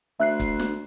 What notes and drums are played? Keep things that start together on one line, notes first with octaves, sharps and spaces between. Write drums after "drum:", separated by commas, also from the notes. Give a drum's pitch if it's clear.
D2 E5 F#6 C7
drum: kick, hi-hat
drum: snare